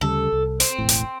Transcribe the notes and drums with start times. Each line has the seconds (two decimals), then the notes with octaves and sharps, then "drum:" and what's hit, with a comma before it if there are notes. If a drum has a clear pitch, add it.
0.01 D2 C#3 G3 A4
0.32 C2
0.60 C4, drum: hi-hat
0.78 E1 A1 A2
0.89 drum: hi-hat